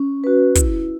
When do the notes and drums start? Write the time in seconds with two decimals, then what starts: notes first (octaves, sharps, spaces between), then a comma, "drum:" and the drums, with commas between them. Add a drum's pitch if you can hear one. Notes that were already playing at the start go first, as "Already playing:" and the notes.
Already playing: C#4
0.24 F#4 B4
0.55 E4, drum: kick, hi-hat